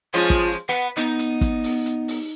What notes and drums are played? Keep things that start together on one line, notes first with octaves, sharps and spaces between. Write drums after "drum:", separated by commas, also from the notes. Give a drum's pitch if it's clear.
F3 G#3 C#4 F4
drum: kick, hi-hat
drum: hi-hat
B3 F#5
B3 D#4, drum: hi-hat
drum: hi-hat
drum: kick, hi-hat
drum: open hi-hat
drum: hi-hat
drum: open hi-hat